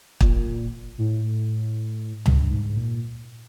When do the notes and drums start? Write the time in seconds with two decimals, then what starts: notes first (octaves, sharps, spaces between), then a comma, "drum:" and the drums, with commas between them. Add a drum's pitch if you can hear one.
0.21 A#2, drum: kick
0.98 A2
2.26 G2, drum: tom C#2
2.51 G#2
2.77 A#2